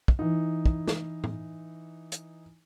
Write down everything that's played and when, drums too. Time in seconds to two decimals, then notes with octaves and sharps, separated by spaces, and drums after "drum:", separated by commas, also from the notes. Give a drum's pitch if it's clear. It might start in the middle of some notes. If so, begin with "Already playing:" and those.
0.08 drum: kick
0.19 E3 D#4
0.66 drum: kick
0.87 drum: snare
1.24 drum: tom A2
2.12 drum: hi-hat